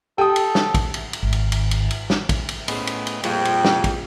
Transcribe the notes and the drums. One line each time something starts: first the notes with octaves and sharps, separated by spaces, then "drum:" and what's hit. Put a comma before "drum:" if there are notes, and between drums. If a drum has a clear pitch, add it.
G4 A4 G5 D#6
drum: cymbal
drum: snare
drum: kick, cymbal
drum: cymbal
drum: cymbal
G#1
drum: cymbal
drum: cymbal
drum: cymbal
drum: cymbal
drum: snare
drum: kick, cymbal
drum: cymbal
A2 B3 C#4 G#4 C5 D#5, drum: cymbal
drum: cymbal
drum: cymbal
A#1 F2 F3 G3 F#5 G5, drum: cymbal
drum: cymbal
drum: snare
drum: kick, cymbal